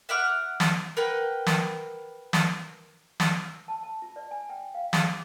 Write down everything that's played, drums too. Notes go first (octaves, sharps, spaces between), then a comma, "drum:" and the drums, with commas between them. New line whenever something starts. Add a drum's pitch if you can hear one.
E5 F#5 D6 F6
drum: snare
A#4 B4 F#5 G5
drum: snare
drum: snare
drum: snare
E6
A5
A5
F4
D5
G#5
G5
F5
G#4, drum: snare
D6